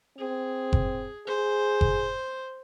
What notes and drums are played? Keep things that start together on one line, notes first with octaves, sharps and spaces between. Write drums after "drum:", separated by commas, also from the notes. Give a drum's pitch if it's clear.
C4 G#4
drum: kick F#1
G#4 C5
drum: kick F#1